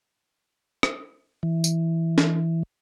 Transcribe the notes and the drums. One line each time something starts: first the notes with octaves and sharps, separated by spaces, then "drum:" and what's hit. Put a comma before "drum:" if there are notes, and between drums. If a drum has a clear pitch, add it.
drum: rim click
E3
drum: tambourine
drum: snare D4